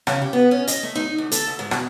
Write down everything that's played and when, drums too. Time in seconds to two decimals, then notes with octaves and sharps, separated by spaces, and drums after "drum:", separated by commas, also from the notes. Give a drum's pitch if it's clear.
0.07 C#3, drum: rim click
0.22 G4
0.33 B3
0.51 C#4
0.67 D#5, drum: hi-hat
0.83 A3
0.95 D#4
1.18 D2
1.32 A4, drum: hi-hat
1.47 D2
1.59 G#2
1.71 B2, drum: rim click